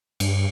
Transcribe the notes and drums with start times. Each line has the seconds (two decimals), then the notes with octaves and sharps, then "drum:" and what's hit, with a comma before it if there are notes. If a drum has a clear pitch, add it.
0.20 G2, drum: cymbal